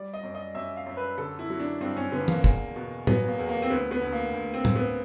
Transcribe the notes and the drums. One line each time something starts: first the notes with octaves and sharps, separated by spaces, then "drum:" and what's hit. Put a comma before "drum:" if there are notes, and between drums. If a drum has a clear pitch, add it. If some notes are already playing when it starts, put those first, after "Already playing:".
Already playing: G3 D5
D#5
F#2
D#5
F#2 E5
F5
F#2
B4
D3 A4
E4
F#3
D4
G2 C4
C#4
D3 B3
A#3, drum: tom
E2, drum: kick
B2
F#3 B3, drum: tom
A#3
E2
A#3
C4
D2 B3
B3
D2
A#3
D2
C4
D2, drum: tom
B3